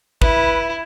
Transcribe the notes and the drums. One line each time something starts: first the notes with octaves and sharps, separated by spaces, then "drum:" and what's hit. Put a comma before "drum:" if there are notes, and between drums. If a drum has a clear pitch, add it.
E4 B4, drum: kick